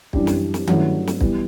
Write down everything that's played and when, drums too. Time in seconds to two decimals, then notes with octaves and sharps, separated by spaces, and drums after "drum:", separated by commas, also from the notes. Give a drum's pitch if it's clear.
0.13 F#2 E3 G3 D4 G4, drum: kick
0.27 drum: snare
0.54 drum: snare
0.67 G2 F#3 A3 C#4 E4, drum: tom D#3
1.07 drum: snare
1.21 E3 G3 B3, drum: kick